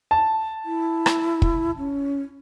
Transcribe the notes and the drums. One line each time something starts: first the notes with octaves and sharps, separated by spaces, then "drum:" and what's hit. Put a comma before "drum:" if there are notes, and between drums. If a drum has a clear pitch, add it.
A5
E4
drum: rim click
drum: kick
C#4